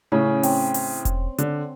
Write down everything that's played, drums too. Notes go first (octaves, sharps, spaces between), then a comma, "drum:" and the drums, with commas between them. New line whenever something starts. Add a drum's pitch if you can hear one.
A2 C#3 C#4
C4, drum: open hi-hat
drum: open hi-hat
drum: kick E1, hi-hat
D3, drum: hi-hat